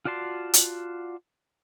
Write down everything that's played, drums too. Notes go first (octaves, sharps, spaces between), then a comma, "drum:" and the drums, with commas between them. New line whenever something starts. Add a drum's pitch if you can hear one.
F4 F#4 D5 A5 C6
drum: hi-hat